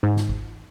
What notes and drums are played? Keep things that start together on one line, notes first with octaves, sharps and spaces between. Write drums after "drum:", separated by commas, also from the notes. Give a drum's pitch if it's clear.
G#2
drum: snare
drum: kick G1